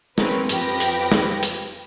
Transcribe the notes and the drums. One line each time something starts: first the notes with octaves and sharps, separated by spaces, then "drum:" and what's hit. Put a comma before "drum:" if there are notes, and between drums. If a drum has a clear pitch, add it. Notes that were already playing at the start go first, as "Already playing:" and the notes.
C4 C#4 A#4 B4, drum: snare
F2 F3 G4 B4 A#6, drum: hi-hat
drum: hi-hat
drum: snare
drum: hi-hat